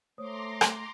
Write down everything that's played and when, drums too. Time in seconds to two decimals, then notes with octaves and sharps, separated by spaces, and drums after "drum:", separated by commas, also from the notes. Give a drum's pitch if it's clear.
0.18 A3 C5 C#5 A#5 C6 D6 D#6
0.61 drum: rim click